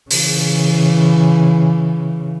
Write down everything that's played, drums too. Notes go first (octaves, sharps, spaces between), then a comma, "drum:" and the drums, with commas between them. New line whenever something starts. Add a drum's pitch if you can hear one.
C#3 E3, drum: open hi-hat